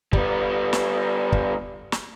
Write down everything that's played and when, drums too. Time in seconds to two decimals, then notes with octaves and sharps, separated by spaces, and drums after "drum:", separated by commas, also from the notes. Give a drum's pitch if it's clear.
0.13 G3 B3, drum: kick
0.73 drum: snare
1.32 drum: kick
1.92 drum: snare